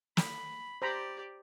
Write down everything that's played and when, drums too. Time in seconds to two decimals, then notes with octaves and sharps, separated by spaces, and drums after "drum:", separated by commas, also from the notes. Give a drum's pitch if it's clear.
0.17 B5, drum: snare
0.82 G4 C5 D5 A#5 B5